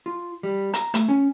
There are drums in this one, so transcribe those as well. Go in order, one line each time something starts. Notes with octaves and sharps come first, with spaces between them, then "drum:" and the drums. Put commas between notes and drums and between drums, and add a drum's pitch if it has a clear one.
F4
G3
A#5, drum: hi-hat
A3, drum: hi-hat
C#4